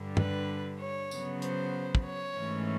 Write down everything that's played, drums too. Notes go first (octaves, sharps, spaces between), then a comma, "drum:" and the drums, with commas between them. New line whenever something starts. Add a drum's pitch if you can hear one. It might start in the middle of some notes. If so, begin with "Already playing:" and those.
Already playing: G2 D3 G3
B4, drum: tom
C#5
C#3 F#3 B3, drum: tambourine
C5, drum: hi-hat
drum: kick
C#5
G#2 E3 A3 C#4